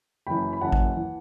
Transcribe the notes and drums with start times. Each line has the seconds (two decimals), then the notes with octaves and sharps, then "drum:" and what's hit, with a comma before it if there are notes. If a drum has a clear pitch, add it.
0.27 F#1 F#2 E3 G5 B5
0.53 B5
0.61 F#1 F#2 E3 F#5 A5
0.72 drum: kick G#1
0.96 E3